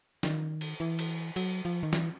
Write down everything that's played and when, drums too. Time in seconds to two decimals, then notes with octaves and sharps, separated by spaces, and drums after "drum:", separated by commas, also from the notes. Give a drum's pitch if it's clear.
0.23 D#3, drum: snare
0.61 drum: cymbal
0.80 E3
0.99 drum: cymbal
1.36 F#3, drum: cymbal
1.65 F3
1.83 D#3
1.93 E3, drum: snare